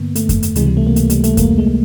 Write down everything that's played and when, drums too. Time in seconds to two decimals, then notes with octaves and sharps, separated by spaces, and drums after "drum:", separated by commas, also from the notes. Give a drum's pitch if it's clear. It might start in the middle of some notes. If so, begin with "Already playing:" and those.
Already playing: G2 D3 A#3 B3
0.15 A3, drum: hi-hat
0.29 drum: kick F2, hi-hat
0.43 drum: hi-hat
0.56 C#2 C3 E3 G#3, drum: hi-hat
0.66 G3
0.77 A3
0.87 A#3
0.96 A3, drum: hi-hat
1.10 G3, drum: hi-hat
1.24 A3, drum: hi-hat
1.37 A#3, drum: kick F2, hi-hat
1.58 G#3